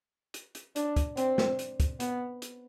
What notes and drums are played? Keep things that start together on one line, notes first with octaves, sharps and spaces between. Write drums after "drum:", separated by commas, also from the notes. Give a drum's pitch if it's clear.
drum: hi-hat
drum: hi-hat
D4, drum: hi-hat
drum: kick, hi-hat
C4, drum: hi-hat
drum: snare
drum: hi-hat
drum: kick, hi-hat
B3, drum: hi-hat
drum: hi-hat